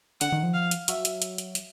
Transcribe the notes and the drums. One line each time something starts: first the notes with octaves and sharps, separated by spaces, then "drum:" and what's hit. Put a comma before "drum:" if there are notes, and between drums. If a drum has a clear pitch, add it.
D3 F#5, drum: hi-hat
D#3
F3
F5
drum: hi-hat
F#3 E5, drum: hi-hat
drum: hi-hat
drum: hi-hat
drum: hi-hat
drum: hi-hat